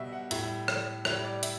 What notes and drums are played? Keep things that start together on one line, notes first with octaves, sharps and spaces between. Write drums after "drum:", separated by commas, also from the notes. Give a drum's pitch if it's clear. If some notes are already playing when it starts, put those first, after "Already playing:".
Already playing: B2 G3 E5
F#5
A2 G3 E5, drum: hi-hat
drum: rim click
A2 G3 E5, drum: rim click
D5
E5, drum: hi-hat